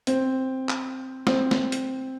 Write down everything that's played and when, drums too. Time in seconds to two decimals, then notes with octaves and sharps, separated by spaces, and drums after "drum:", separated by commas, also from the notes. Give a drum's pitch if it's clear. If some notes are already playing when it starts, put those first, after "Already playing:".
0.07 C4, drum: hi-hat
0.69 drum: clap
1.27 C4, drum: snare
1.51 drum: snare
1.72 drum: hi-hat